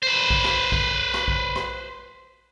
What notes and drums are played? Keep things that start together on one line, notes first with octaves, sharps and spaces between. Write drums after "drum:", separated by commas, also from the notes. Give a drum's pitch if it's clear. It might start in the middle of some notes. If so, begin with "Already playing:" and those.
B4 C5
drum: kick A#1
drum: rim click
drum: kick A#1
drum: rim click
drum: kick A#1
drum: rim click